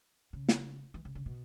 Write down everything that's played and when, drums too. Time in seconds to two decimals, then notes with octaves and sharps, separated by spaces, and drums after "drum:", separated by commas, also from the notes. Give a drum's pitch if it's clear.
0.33 C#3
0.49 drum: snare
0.94 E3
1.05 C#3
1.15 C#3
1.26 B2